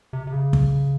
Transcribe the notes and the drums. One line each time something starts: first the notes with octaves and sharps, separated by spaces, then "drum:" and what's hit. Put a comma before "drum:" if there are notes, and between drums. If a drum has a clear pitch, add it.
C3
C3
C#3
drum: kick